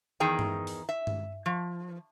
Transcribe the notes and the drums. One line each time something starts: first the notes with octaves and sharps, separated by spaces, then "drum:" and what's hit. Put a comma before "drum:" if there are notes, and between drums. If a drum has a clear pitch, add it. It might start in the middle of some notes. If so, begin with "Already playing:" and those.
E2 D#3 D#4 G#4 G5 A#5
drum: tom G2
drum: open hi-hat
E5
drum: tom G2
F3